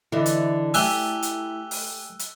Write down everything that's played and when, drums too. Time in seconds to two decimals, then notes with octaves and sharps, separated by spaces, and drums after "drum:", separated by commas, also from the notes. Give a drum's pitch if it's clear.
0.12 D3 E3 E4 D#5
0.26 drum: hi-hat
0.74 A3 G4 E5 G#5 E6 F#6 G7, drum: open hi-hat
1.23 drum: hi-hat
1.71 drum: open hi-hat
2.19 drum: hi-hat